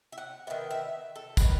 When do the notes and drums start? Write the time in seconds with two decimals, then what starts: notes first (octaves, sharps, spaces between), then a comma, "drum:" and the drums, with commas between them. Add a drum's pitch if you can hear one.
0.12 E5
0.18 F#5
0.47 D#3 G#3 B3 E5
0.71 E5
1.15 A4
1.37 D#3 G#3 B3 B4, drum: kick, tambourine